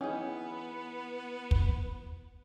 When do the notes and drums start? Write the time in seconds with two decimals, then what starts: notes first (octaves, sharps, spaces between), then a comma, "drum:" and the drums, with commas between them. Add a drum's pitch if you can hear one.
0.01 E3 B3 C#4 D#4 G#4
1.51 drum: kick